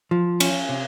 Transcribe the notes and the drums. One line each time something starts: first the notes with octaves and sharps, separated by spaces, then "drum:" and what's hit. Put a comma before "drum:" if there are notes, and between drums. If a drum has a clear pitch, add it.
F3
C#4, drum: cymbal
C3